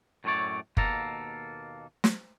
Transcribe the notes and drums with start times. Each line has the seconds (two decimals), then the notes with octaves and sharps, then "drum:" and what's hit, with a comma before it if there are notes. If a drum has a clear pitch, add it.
0.24 F#2 A2 A3 F4 C#5 D5
0.77 D#2 B2 A#3 A4 A#5, drum: kick
2.04 drum: snare